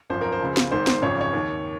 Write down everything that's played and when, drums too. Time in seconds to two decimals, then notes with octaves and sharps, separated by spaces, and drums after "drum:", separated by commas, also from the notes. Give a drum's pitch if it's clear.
0.10 G#1 F#2 F3 C5
0.21 A#4
0.32 C5
0.40 C#2 C#3 F3
0.57 drum: snare
0.71 G#1 G#2 D#3 C5
0.87 C5, drum: snare
1.02 G#1 F#2 C#3 F3 C#5
1.21 C#5
1.33 D#2 D#3